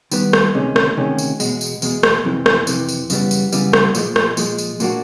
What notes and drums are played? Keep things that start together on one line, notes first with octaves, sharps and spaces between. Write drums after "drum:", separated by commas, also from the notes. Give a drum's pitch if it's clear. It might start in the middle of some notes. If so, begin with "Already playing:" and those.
D#3 G3 B3, drum: tambourine
drum: rim click
D2 C3 D#3 G#3 C#4
drum: rim click
D2 C3 D#3 G#3 C#4
drum: tambourine
E2 B2 G#3, drum: tambourine
drum: tambourine
E2 B2 G#3, drum: tambourine
drum: rim click
F2 C3 E3
drum: rim click
F2 C3 E3, drum: tambourine
drum: tambourine
F#2 C#3 E3 G3 B3, drum: tambourine
drum: tambourine
F#2 C#3 E3 G3 B3, drum: tambourine
drum: rim click
A#2 F3 G#3, drum: tambourine
drum: rim click
A#2 F3 G#3, drum: tambourine
drum: tambourine
A#2 F#3 A#3 D4 F#4, drum: tambourine